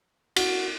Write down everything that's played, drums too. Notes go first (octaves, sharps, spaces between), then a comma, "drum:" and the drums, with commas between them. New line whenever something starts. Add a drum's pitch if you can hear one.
F#4, drum: cymbal